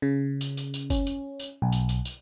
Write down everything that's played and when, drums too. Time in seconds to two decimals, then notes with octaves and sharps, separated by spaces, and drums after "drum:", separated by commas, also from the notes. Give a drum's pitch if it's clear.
0.02 C#3
0.41 drum: tambourine
0.57 drum: tambourine
0.74 drum: tambourine
0.90 C#4, drum: kick F#1, tambourine
1.07 drum: tambourine
1.40 drum: tambourine
1.62 B1
1.72 drum: tambourine
1.89 drum: tambourine
2.05 drum: tambourine